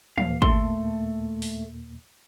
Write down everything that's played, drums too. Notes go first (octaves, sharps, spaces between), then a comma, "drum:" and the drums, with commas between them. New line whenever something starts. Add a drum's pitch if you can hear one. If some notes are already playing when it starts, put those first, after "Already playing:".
D#2 A#2 A#3 F5, drum: tom E3
A3 A4 C6, drum: kick
drum: open hi-hat